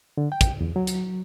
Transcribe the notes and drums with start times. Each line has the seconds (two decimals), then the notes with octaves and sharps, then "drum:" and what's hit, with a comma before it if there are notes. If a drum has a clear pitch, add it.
0.17 D3
0.32 G5
0.41 drum: kick, hi-hat
0.61 E2
0.76 F#3
0.87 drum: hi-hat